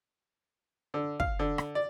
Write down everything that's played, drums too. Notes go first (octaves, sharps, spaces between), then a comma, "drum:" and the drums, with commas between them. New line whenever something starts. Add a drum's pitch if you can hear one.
D3
F5, drum: kick
D3
drum: rim click
D5